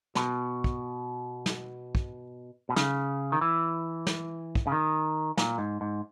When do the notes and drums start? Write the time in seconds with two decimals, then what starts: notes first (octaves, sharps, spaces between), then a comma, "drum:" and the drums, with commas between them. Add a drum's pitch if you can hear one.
0.15 B2, drum: snare
0.64 drum: kick
1.46 drum: snare
1.95 drum: kick
2.69 B2
2.76 C#3, drum: snare
3.32 D#3
3.41 E3
4.07 drum: snare
4.55 drum: kick
4.67 C#3
4.72 D#3
5.37 A#2, drum: snare
5.58 G#2
5.81 G#2